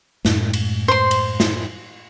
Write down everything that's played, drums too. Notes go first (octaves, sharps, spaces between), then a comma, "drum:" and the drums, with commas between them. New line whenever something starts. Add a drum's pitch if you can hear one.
F#2 A2 G#3, drum: snare
drum: cymbal
C5 C6
drum: cymbal
drum: snare